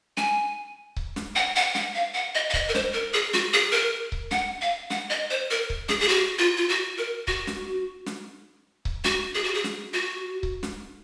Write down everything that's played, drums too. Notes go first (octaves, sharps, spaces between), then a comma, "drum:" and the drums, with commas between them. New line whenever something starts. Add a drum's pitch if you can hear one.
G#5, drum: snare
drum: kick C#1
drum: snare
F#5
F#5
F#5, drum: snare
F5
F#5
D#5
F5
D#5, drum: kick C#1
A#4
C5, drum: snare
A#4
G#4
F#4, drum: snare
G#4
A#4
drum: kick C#1
F#5, drum: snare
F5
F#5, drum: snare
D#5
C5
A#4
drum: kick C#1
G#4, drum: snare
G#4
F#4
F4
F4
F#4
A#4
F#4, drum: kick C#1
drum: snare
drum: snare
drum: kick C#1
F#4, drum: snare
G#4
F#4
G#4
drum: snare
F#4
drum: kick C#1
drum: snare